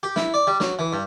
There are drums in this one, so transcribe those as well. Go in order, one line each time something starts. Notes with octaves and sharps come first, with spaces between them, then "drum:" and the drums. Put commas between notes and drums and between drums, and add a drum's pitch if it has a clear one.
G4
E4, drum: snare
D5
G3
F#3, drum: snare
E3
G2